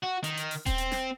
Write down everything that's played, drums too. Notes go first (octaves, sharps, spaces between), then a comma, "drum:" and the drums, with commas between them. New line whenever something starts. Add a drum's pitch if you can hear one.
F#4
D#3, drum: hi-hat
drum: hi-hat
drum: open hi-hat
C4, drum: kick D#1, hi-hat
drum: hi-hat
drum: snare